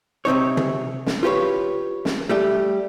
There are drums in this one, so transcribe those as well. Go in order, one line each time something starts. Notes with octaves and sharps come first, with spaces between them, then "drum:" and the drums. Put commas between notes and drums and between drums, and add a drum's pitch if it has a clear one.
C3 C4 D#4 C#5
drum: tom
drum: snare
F4 G4 B4 C#5
drum: snare
G3 A3 G4